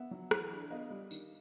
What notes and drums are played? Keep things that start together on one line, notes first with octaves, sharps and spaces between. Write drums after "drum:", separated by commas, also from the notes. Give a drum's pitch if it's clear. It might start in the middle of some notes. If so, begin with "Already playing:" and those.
Already playing: B3 E5 F#5
F#3
E3, drum: rim click
D4
B3 D#5 F5
G3
D#3, drum: tambourine